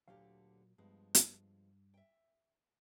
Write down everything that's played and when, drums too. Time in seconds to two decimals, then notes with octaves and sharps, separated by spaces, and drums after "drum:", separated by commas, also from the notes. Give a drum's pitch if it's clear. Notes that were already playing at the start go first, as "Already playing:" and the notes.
0.08 D2 A#2 D3 F#3 G4 F5
0.78 G2 F3 G#3 B3
1.15 drum: hi-hat
1.94 E5 G5